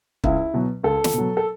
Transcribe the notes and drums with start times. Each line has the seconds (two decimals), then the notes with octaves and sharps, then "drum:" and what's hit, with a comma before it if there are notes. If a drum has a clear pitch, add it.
0.24 C#2 E4, drum: kick
0.54 B2 F#3
0.83 C#2 A4
1.04 drum: snare
1.14 B2 F#3
1.37 A4